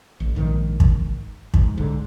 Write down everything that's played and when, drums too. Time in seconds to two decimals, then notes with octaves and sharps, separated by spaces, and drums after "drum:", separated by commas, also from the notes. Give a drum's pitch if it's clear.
0.20 A1
0.35 A#1 G#2 D#3
0.80 drum: kick
1.54 G#2, drum: kick
1.77 C2 G#2 D3